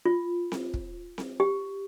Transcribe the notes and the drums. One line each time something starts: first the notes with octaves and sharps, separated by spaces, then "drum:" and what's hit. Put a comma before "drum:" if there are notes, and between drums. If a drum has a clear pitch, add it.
F4
drum: snare C4
drum: kick
drum: snare C4
G4